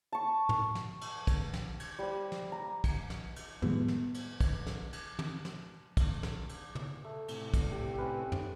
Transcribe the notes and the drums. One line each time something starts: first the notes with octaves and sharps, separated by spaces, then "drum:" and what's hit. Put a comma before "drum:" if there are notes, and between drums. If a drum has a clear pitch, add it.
A5 C#6
drum: tom
drum: snare
drum: cymbal
drum: kick, cymbal
drum: snare
drum: cymbal
G3 C5
drum: snare
A#5
drum: kick, cymbal
drum: snare
drum: cymbal
A2 D#3 F3 G3 G#3 B3, drum: tom
drum: snare
drum: cymbal
drum: kick, cymbal
drum: snare
drum: cymbal
drum: tom
drum: snare
drum: kick, cymbal
drum: snare
drum: cymbal
drum: tom
A3
A2 C3, drum: cymbal
drum: kick, cymbal
G4
C4 C#4 B4
drum: tom